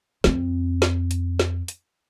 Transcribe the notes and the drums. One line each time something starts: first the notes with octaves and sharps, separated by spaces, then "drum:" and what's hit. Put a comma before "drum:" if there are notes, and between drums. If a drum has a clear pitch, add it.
F2 C4, drum: snare
drum: snare
drum: hi-hat
drum: snare
drum: hi-hat